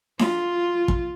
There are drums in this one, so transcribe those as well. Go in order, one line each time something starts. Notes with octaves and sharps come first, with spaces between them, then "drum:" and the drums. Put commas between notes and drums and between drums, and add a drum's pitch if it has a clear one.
F4, drum: snare D4
drum: kick